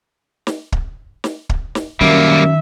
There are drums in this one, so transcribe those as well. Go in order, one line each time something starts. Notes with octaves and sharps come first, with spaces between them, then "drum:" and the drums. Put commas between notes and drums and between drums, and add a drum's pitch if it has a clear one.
drum: snare
drum: kick
drum: snare
drum: kick
drum: snare
F#2 D#3 G3 A#3 E5